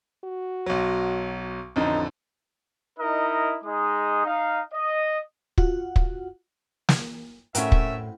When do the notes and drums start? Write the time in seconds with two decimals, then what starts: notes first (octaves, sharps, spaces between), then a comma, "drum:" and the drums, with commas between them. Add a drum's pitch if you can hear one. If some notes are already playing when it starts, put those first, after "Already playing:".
0.25 F#4
0.66 B1 F#3
1.76 A1 F2 D3 D#4
2.99 D#4 E4 A#4 D#5
3.64 G#3 D#4 G#4 D#6
4.26 D#4 F5
4.74 D#5
5.58 F4 F#4 F#5, drum: kick
5.96 drum: kick
6.89 drum: snare
7.55 A2 A3 C4 C#4 F#4 A#4 B4 E5, drum: hi-hat
7.72 drum: kick